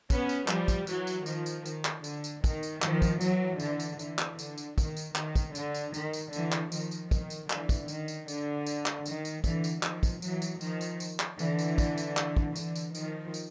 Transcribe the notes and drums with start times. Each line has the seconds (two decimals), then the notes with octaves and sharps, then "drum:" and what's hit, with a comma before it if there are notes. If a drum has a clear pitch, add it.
0.10 B3 C#4, drum: kick, tambourine
0.29 drum: tambourine
0.48 F3 G3, drum: clap
0.68 drum: kick, tambourine
0.87 E3 F#3, drum: tambourine
1.07 drum: tambourine
1.26 D#3 F3, drum: tambourine
1.46 drum: tambourine
1.65 D#3, drum: tambourine
1.85 drum: clap
2.04 D3, drum: tambourine
2.24 drum: tambourine
2.44 D#3, drum: kick, tambourine
2.63 drum: tambourine
2.82 D#3 F3, drum: clap
3.02 drum: kick, tambourine
3.21 E3 F#3, drum: tambourine
3.60 D3 E3, drum: tambourine
3.80 drum: tambourine
3.99 D3 E3, drum: tambourine
4.19 drum: clap
4.39 D3, drum: tambourine
4.58 drum: tambourine
4.78 D#3, drum: kick, tambourine
4.97 drum: tambourine
5.15 D#3, drum: clap
5.35 drum: kick, tambourine
5.55 D3, drum: tambourine
5.74 drum: tambourine
5.94 D#3, drum: tambourine
6.13 drum: tambourine
6.33 D3 E3, drum: tambourine
6.52 drum: clap
6.72 D#3 F3, drum: tambourine
6.91 drum: tambourine
7.11 D#3, drum: kick, tambourine
7.30 drum: tambourine
7.50 D3 E3, drum: clap
7.69 drum: kick, tambourine
7.88 D#3, drum: tambourine
8.08 drum: tambourine
8.28 D3, drum: tambourine
8.67 drum: tambourine
8.86 drum: clap
9.06 D#3, drum: tambourine
9.25 drum: tambourine
9.44 D3 E3, drum: kick, tambourine
9.64 drum: tambourine
9.83 D#3 F3, drum: clap
10.03 drum: kick, tambourine
10.22 E3 F#3, drum: tambourine
10.42 drum: tambourine
10.61 D#3 F3, drum: tambourine
10.81 drum: tambourine
11.00 drum: tambourine
11.20 drum: clap
11.39 D3 E3, drum: tambourine
11.59 drum: tambourine
11.78 drum: kick, tambourine
11.98 drum: tambourine
12.17 drum: clap
12.37 drum: kick
12.56 D3 E3, drum: tambourine
12.75 drum: tambourine
12.95 D#3 F3, drum: tambourine
13.34 drum: tambourine